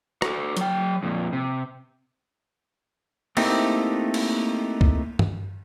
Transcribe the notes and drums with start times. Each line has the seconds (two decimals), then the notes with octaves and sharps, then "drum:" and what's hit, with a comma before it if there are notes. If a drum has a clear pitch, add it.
0.22 F#4 A4, drum: rim click
0.57 F#3 G5, drum: hi-hat
1.03 F2 A#2
1.33 C3
3.37 A3 A#3 C4 D#4 E4 G4, drum: cymbal
4.14 drum: cymbal
4.81 drum: kick
5.19 drum: tom G2